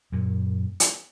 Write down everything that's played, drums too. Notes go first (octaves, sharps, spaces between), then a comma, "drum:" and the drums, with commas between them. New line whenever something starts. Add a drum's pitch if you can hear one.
F#2 A#2
drum: hi-hat